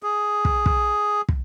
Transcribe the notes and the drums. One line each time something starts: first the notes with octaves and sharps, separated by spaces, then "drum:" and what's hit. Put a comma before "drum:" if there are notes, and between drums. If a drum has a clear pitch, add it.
G#4
drum: kick
drum: kick
drum: kick